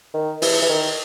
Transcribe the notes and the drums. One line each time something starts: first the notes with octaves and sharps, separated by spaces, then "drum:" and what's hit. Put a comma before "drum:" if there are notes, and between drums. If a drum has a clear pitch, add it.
D#3
E3, drum: open hi-hat
E3
D#3